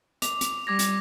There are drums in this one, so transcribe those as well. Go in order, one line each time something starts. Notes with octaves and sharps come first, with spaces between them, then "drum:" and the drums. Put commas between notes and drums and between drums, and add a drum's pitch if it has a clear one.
D6 F7, drum: hi-hat
drum: hi-hat
G3 D6 G#6 A#6
drum: hi-hat